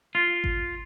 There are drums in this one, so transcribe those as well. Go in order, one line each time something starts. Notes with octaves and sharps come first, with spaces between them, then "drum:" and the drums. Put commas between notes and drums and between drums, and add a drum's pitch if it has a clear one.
F4
drum: kick G#1